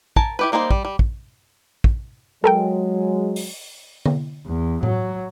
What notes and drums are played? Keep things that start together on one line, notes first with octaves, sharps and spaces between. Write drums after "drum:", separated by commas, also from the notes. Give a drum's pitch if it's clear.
A#4 G#5 A5, drum: kick
E4 G4 B4
G3 A#3 D#4 G#4 C5
G3, drum: kick
G3
drum: kick
drum: kick
F#3 G#3 A4 A#4 G5
drum: open hi-hat
drum: tom D3
E2
F#3, drum: tom A2